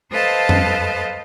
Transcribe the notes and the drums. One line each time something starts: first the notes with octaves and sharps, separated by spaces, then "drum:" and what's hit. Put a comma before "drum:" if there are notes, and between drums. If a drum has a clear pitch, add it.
A4 B4 C5 D#5 F5 A5
drum: tom F2